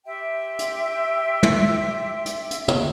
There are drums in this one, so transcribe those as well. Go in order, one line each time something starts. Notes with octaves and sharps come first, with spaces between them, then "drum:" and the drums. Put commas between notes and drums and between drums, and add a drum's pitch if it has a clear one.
G4 E5 G5 C6
drum: hi-hat
drum: tom
drum: hi-hat
drum: hi-hat
drum: tom